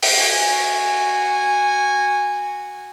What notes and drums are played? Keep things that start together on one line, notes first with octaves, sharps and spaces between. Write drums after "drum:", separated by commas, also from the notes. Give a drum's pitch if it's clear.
drum: open hi-hat
F#4 G#5